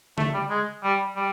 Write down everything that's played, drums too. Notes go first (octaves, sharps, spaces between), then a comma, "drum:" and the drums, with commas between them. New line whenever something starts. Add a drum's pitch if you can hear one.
A3, drum: tom C#3
G3
G#3
G3
G3